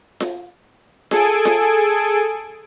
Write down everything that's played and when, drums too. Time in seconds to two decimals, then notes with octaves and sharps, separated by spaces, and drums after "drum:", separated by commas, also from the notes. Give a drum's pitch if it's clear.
0.20 drum: snare F4
1.11 G#4 A4 G#5 D7, drum: snare F4
1.45 drum: snare F4